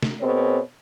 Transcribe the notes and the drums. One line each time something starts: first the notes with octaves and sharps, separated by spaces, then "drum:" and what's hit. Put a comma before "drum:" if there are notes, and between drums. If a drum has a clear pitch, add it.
drum: snare
B2 A#3 C4 G#4 C#5